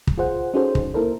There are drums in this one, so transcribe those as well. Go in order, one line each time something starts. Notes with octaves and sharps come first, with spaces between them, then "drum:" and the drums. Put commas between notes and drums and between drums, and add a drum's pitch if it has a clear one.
drum: kick
F4 G#4 C5 F#5
C#4 D#4 F#4 G#4 A4 C5
drum: kick
A#3 E4 A4 A#4 C5